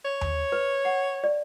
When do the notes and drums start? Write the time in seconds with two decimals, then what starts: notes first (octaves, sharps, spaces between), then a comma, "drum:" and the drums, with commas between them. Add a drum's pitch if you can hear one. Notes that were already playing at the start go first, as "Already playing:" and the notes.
0.05 C#5
0.21 drum: tom D#2
0.52 B4
0.85 F#5
1.24 D5